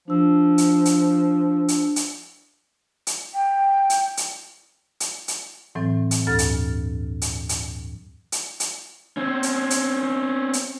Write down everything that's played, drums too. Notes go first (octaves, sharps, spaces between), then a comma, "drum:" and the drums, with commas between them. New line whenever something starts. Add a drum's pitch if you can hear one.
F3 D4 E6
drum: hi-hat
drum: hi-hat
drum: hi-hat
drum: hi-hat
drum: hi-hat
G5
drum: hi-hat
drum: hi-hat
drum: hi-hat
drum: hi-hat
A2 E3 F#3 C4
drum: hi-hat
D2 G2 A4 F6 A6
drum: hi-hat
drum: hi-hat
drum: hi-hat
drum: hi-hat
drum: hi-hat
C4 C#4
drum: hi-hat
drum: hi-hat
drum: hi-hat